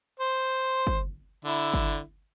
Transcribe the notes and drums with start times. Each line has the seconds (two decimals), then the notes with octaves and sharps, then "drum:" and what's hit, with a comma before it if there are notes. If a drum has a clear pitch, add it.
0.20 C5
0.87 drum: kick
1.45 D3 E4
1.74 drum: kick